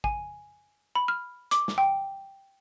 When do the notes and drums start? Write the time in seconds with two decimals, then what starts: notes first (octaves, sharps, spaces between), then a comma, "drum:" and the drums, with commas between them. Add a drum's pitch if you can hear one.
0.04 G#5, drum: kick A1
0.95 B5
1.08 F6
1.51 D6, drum: hi-hat
1.68 drum: snare
1.78 G5